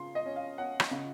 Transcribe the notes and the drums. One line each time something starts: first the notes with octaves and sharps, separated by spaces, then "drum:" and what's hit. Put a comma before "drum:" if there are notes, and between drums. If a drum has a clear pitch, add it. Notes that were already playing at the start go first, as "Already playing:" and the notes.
Already playing: C#3 F4 C6
D#5
C#4
F5
C#4 F#5
drum: rim click
C#3